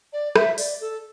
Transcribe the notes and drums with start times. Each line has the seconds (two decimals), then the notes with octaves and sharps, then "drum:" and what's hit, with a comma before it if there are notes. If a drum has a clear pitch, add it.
0.13 D5
0.36 E5, drum: rim click
0.58 D5, drum: open hi-hat
0.81 A4